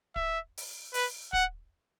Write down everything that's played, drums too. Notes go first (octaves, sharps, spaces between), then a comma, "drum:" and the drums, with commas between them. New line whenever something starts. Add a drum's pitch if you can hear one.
E5, drum: kick
drum: open hi-hat
B4, drum: open hi-hat
F#5, drum: kick